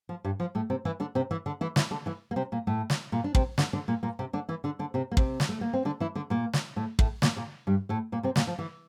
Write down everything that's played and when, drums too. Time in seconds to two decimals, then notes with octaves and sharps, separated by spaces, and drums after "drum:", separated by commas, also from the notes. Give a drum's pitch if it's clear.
0.09 F3
0.24 G2 G3
0.40 F3
0.55 A2 A3
0.70 C3 C4
0.85 E3 E4
1.00 D3 D4
1.15 C3 C4
1.31 E3 E4
1.46 D3 D4
1.61 E3 E4
1.76 E3 E4, drum: snare
1.91 D3 D4
2.06 E3 E4
2.31 A#3
2.36 C3 C4
2.52 A#2 A#3
2.67 A2 A3
2.90 drum: snare
3.12 A#2 A#3
3.24 D4
3.35 C3 C4, drum: kick
3.58 D3 D4, drum: snare
3.73 D3 D4
3.88 A#2 A#3
4.03 A#2 A#3
4.19 C3 C4
4.33 D3 D4
4.49 E3 E4
4.64 D3 D4
4.79 D3 D4
4.94 C3 C4
5.12 A#3
5.17 C3 C4, drum: kick
5.40 drum: snare
5.49 A3
5.61 A#3
5.73 C4
5.85 D3 D4
6.00 E3 E4
6.15 D3 D4
6.30 A#2 A#3
6.53 drum: snare
6.76 A2 A3
6.99 A2 A3, drum: kick
7.22 A#2 A#3, drum: snare
7.36 A#2 A#3
7.67 G2 G3
7.89 A2 A3
8.12 A#2 A#3
8.23 C3 C4
8.36 A#2 A#3, drum: snare
8.47 F3
8.59 E3